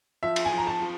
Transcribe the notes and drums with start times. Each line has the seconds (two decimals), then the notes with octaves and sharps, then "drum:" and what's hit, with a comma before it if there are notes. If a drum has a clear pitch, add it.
0.23 F3 E5
0.36 drum: cymbal
0.45 G#5
0.52 F3
0.58 A#5
0.67 A5
0.80 F3